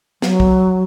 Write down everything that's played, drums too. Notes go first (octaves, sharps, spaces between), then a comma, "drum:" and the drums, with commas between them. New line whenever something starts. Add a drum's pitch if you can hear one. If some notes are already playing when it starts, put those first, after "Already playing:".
F#3, drum: snare
drum: kick